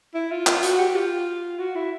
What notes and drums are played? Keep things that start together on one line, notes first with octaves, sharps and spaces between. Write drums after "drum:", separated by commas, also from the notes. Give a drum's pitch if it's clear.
E4
F4
F4, drum: clap
F#4, drum: hi-hat
G4
F4
F#4
E4